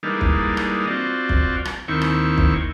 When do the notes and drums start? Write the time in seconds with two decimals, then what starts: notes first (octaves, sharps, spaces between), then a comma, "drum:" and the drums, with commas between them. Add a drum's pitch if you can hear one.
0.03 E3 G3 G#3 A#3 D4 D#4
0.21 drum: kick
0.57 drum: rim click
0.87 C4 F4 F#4 D5
1.29 drum: kick
1.65 drum: rim click
1.88 D#2 D#3 C4 E4 C#6
2.02 drum: rim click
2.38 drum: kick